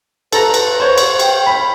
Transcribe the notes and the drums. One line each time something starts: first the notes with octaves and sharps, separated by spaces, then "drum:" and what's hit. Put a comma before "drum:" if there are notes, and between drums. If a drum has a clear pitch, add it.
A4 B4 A#5, drum: cymbal
drum: cymbal
C5 C#5
drum: cymbal
G5, drum: cymbal
B5